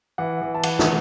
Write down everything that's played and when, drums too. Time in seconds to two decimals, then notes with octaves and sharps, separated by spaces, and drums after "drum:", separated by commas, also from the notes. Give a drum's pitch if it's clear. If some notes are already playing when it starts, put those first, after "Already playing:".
0.18 E3 F#5
0.41 E3
0.54 A5
0.63 E3 F#5, drum: cymbal
0.79 drum: snare